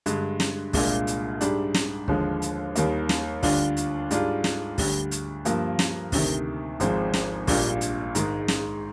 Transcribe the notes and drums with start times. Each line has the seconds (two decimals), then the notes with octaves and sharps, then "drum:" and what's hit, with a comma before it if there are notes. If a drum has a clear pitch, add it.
0.06 G2 D3 G#3, drum: hi-hat
0.40 drum: snare
0.73 C2 A#2 G#3 D4 F4, drum: kick, open hi-hat
1.07 drum: hi-hat
1.41 G#2 G3 D4, drum: hi-hat
1.74 drum: snare
2.08 D#2 D3 F3 G#3, drum: kick
2.42 drum: hi-hat
2.75 D#2 D#3 G3 A#3, drum: hi-hat
3.09 drum: snare
3.43 D2 D3 G3 D4 F4, drum: kick, open hi-hat
3.77 drum: hi-hat
4.11 G#2 G3 D4 F4, drum: hi-hat
4.44 drum: snare
4.78 D2 D3 G3, drum: kick, open hi-hat
5.11 drum: hi-hat
5.45 G2 F3 A#3, drum: hi-hat
5.79 drum: snare
6.12 D2 C3 D#3, drum: kick, open hi-hat
6.80 G#1 G#2 F3 C4, drum: hi-hat
7.14 drum: snare
7.47 A#1 A#2 G3 D4 F4, drum: kick, open hi-hat
7.81 drum: hi-hat
8.15 G#2 D#3 G#3, drum: hi-hat
8.48 drum: snare